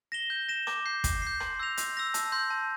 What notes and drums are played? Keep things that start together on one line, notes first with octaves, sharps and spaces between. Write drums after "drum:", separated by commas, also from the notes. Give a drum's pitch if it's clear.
A#6 E7 G7
G6
A#6 E7 G7
D6, drum: rim click
G6 C7
D6, drum: kick, hi-hat
G6 C7
C6, drum: rim click
E6 G6 A#6 F7
C6, drum: hi-hat
E6 G6 A#6 F7
A5, drum: hi-hat
C6 G6 A#6
A5